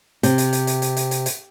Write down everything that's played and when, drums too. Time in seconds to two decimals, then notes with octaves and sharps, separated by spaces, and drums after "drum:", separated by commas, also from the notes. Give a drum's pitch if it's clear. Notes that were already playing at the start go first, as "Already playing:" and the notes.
0.23 C3, drum: hi-hat
0.38 drum: hi-hat
0.53 drum: hi-hat
0.67 drum: hi-hat
0.82 drum: hi-hat
0.97 drum: hi-hat
1.11 drum: hi-hat
1.26 drum: hi-hat